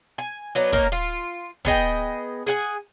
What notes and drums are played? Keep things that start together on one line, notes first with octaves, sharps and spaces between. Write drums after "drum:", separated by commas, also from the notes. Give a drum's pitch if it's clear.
G#5
F#3 B3 D4 D#4
A#3 C#4 D#4 A#4, drum: kick
F4
B3 G#4 D#5 G5, drum: kick
G#4 F#5 G#5